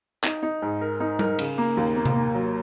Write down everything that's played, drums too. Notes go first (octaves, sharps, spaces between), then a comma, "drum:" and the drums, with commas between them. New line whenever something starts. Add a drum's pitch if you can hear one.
D#4, drum: clap
D#4
G#2
A#4
D#4
A#4, drum: tom G3
C#3, drum: cymbal
A#3
D#2
A#3
drum: tom C3
A#3
F#3